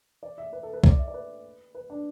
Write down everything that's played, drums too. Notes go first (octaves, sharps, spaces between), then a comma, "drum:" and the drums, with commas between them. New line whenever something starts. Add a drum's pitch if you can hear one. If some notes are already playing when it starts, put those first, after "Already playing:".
D5
E5
B4
A4
B4
D5, drum: kick
E5
D5
B4
B4
D4